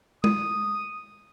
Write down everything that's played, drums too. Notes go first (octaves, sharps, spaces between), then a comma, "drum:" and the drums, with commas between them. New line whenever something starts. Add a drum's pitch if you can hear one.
D#6, drum: tom G#3